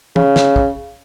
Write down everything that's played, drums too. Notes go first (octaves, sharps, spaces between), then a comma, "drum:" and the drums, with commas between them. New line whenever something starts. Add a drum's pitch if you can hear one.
C#3, drum: tom
drum: snare
drum: kick